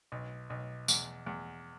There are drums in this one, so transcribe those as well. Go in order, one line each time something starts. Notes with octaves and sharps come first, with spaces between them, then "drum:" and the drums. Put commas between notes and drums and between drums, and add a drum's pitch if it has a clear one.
B1
B1
E2, drum: tambourine
E2